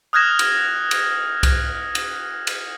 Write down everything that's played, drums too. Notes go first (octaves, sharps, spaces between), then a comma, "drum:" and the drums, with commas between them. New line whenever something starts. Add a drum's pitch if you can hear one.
D#6 F6 F#6 G#6 A#6 E7
drum: cymbal
drum: cymbal
drum: kick C2, cymbal
drum: cymbal
drum: cymbal